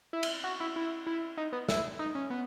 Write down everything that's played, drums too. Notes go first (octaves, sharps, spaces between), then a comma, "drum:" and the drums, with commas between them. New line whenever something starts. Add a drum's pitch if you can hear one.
E4
drum: cymbal
F#4
E4
E4
E4
D#4
B3
E4, drum: snare
D#4
C#4
B3